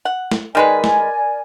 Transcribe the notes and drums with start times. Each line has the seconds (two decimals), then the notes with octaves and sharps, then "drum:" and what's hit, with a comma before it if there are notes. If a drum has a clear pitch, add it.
0.05 F#5
0.32 drum: snare
0.55 D#3 G#3 A#4 B4 D5 G#5
0.84 drum: snare